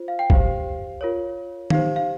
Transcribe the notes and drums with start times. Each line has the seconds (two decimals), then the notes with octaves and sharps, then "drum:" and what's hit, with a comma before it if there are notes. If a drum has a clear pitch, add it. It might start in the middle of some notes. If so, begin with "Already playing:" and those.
Already playing: F4 C5
0.08 F5
0.19 G5
0.30 G4 C5 F5, drum: kick
1.01 F4 A#4 C#5
1.70 D#4 G4 C5 F5, drum: tom D#3
1.96 F5